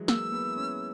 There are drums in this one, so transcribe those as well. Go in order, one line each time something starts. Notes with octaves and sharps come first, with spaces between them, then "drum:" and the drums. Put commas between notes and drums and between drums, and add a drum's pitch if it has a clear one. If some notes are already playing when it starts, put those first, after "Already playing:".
Already playing: E3 F#3 G#3
A#3 E6, drum: snare
B3
C#4